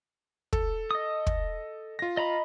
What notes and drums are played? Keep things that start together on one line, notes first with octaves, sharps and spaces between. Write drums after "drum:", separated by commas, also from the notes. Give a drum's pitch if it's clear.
A4, drum: kick
D#5 D#6
drum: kick
F4 A#6
D#5 A#5 B5